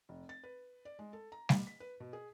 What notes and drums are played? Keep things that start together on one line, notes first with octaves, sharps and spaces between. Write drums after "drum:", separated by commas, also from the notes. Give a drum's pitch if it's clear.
F1
A6
B4
D5
G#3
A4
A#5
G3, drum: snare G3
B6
B4
B2
G#4